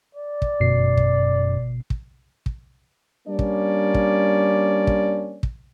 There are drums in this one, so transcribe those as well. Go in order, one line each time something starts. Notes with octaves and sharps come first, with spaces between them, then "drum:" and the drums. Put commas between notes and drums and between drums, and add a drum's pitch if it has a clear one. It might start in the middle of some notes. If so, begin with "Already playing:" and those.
D5
drum: kick
G1 F#2 B2 C7
drum: kick
drum: kick
drum: kick
G3 A#3 C#4 D4 D5
drum: kick
drum: kick
drum: kick
drum: kick